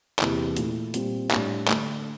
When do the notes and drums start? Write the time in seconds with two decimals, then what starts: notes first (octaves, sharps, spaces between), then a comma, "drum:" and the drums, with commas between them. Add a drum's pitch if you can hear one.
0.19 E2 C3 E3 A#3 E4, drum: clap
0.56 A#2 A3 E4, drum: hi-hat
0.94 A#2 G3 C4, drum: hi-hat
1.31 A2 G3 D4, drum: clap
1.68 D3 A3 D4, drum: clap